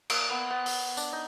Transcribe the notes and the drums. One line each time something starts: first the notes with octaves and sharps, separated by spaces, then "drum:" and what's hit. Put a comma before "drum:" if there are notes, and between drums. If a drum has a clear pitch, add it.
A#3, drum: cymbal
B3
B3
B3, drum: open hi-hat
D4, drum: tambourine
D#4